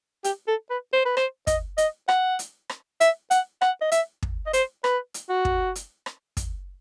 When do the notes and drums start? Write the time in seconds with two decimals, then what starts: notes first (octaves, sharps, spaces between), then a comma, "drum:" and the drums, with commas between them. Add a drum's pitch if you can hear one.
0.24 G4, drum: hi-hat
0.48 A4
0.70 B4
0.93 C5
1.06 B4
1.17 C5, drum: rim click
1.47 D#5, drum: kick, hi-hat
1.78 D#5, drum: hi-hat
2.09 F#5, drum: rim click
2.39 drum: hi-hat
2.70 drum: rim click
3.00 E5, drum: hi-hat
3.31 F#5, drum: hi-hat
3.61 F#5, drum: rim click
3.82 D#5
3.92 E5, drum: hi-hat
4.22 drum: kick
4.46 D#5
4.53 C5, drum: hi-hat
4.84 B4, drum: rim click
5.14 drum: hi-hat
5.29 F#4
5.45 drum: kick
5.75 drum: hi-hat
6.06 drum: rim click
6.37 drum: kick, hi-hat